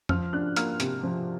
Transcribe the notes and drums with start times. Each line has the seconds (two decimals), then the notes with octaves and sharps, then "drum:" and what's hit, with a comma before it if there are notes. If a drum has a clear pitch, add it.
0.09 F3 F6, drum: tom F2
0.33 D4 F#6
0.56 A#3 F6, drum: hi-hat
0.80 C3, drum: hi-hat
1.03 F3